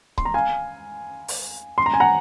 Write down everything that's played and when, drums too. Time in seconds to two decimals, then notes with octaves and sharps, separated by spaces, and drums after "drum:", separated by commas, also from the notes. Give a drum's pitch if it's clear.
0.18 C6, drum: kick C#1
0.25 A#5
0.34 F5 G#5
1.28 drum: open hi-hat
1.78 C6
1.86 A#5
1.94 G#5
2.00 F#5 A#5